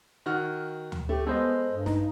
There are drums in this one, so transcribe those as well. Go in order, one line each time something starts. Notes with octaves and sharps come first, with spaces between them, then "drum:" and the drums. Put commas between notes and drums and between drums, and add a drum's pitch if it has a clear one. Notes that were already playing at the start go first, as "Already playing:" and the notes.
D#3 F#4 F6
drum: tom D2
A3 G4
G#3 B3 A4 C5 D#5
G2
D#4, drum: snare